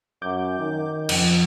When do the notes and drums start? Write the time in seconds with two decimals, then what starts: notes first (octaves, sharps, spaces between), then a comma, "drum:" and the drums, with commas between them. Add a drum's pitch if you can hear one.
0.22 F#2 D6 G6
0.59 D#3
1.09 F2 C#3 F3, drum: cymbal